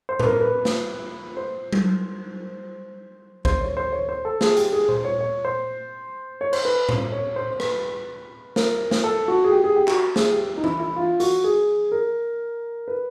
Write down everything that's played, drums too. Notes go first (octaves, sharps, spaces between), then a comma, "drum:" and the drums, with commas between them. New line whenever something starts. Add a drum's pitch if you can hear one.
C5
B4, drum: tom A2
A#4
B4
drum: snare
C5
drum: tom F#3
C5, drum: kick A1
C#5
C5
C#5
C5
A4
G#4, drum: snare
G4, drum: hi-hat
G#4
C5, drum: tom A#2
C#5
C#5
C5
C#5
C5, drum: cymbal
B4
C5, drum: tom A2
C#5
C5
C5
B4, drum: rim click
A#4, drum: snare
drum: snare
A4
F#4
G#4
G4
G#4
G4
F#4, drum: clap
G#4, drum: snare
G4
D#4
E4, drum: tom
E4
F4
F#4, drum: hi-hat
G#4
A#4
B4